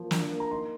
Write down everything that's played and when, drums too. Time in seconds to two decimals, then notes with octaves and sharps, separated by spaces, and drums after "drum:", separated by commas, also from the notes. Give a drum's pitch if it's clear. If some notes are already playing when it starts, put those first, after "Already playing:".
Already playing: F3 A#3 F4
0.11 D4, drum: snare
0.30 A#3
0.40 A#5
0.51 D#4 C6